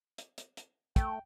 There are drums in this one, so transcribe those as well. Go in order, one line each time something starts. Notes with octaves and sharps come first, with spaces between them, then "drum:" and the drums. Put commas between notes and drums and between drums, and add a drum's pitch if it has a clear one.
drum: hi-hat
drum: hi-hat
drum: hi-hat
A3 G5, drum: kick, hi-hat